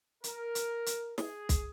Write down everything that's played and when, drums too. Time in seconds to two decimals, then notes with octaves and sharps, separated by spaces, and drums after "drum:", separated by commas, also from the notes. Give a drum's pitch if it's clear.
0.24 A#4, drum: hi-hat
0.55 drum: hi-hat
0.86 drum: hi-hat
1.18 G#4, drum: snare
1.49 drum: kick, hi-hat